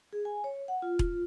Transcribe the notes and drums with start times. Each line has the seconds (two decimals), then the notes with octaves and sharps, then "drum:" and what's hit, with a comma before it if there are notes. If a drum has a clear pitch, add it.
0.13 G#4
0.25 G#5
0.44 C#5
0.68 F#5
0.82 F4
0.99 drum: kick E1